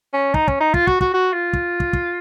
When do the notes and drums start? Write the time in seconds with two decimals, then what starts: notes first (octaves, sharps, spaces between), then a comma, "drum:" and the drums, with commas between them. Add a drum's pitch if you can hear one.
0.14 C#4
0.34 D#4, drum: kick
0.48 C#4, drum: kick
0.61 D#4
0.74 F4, drum: kick
0.87 F#4, drum: kick
1.01 F#4, drum: kick
1.14 F#4
1.33 F4
1.54 drum: kick
1.80 drum: kick
1.93 drum: kick